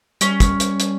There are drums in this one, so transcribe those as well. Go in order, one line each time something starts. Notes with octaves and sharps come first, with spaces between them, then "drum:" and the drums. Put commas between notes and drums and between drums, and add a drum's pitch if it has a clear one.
G3 C#4, drum: hi-hat
drum: kick, hi-hat
drum: hi-hat
drum: hi-hat